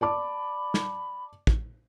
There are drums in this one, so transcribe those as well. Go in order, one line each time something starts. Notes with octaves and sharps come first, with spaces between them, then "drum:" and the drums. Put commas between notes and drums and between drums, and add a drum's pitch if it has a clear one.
D5 A5 B5 D6
drum: snare
drum: kick